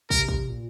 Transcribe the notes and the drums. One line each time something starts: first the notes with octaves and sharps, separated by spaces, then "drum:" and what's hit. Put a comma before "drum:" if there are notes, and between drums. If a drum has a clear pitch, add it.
C3 A#4, drum: kick
drum: kick
A#2